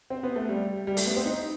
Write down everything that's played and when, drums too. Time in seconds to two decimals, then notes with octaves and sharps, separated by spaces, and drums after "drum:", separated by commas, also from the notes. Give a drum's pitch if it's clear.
0.10 C4
0.23 B3
0.36 A3
0.49 G3
0.87 G3
0.97 A3, drum: open hi-hat
1.07 B3
1.16 C4
1.26 D#4